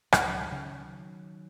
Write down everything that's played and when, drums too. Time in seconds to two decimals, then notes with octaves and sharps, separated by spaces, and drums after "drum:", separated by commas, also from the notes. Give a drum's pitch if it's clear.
0.12 C#2 D#3 F#3, drum: rim click
0.52 C#3